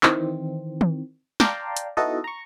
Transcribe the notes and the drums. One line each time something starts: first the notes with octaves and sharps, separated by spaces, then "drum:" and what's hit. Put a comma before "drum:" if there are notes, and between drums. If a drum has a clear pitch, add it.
D#3 E3 C4, drum: clap
drum: tom D#3
D5 F5 G5 A5 A#5 C6, drum: snare
drum: hi-hat
B3 D#4 E4 F#4 A4 D#5
A#5 C#6